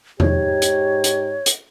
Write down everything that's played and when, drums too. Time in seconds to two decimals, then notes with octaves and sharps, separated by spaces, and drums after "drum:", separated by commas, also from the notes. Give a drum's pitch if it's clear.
0.20 G#2 D#4 G4 C#5, drum: tom E2
0.62 drum: hi-hat
1.04 drum: hi-hat
1.46 drum: hi-hat